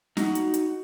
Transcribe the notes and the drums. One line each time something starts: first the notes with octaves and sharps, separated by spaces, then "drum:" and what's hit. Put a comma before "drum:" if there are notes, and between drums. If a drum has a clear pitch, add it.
D#4 F#4, drum: snare
drum: hi-hat
drum: hi-hat